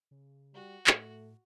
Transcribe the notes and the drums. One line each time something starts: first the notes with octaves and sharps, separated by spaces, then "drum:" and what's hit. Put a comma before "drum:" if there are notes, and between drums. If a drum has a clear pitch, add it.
C#3
G3 F#4
A2 A3, drum: clap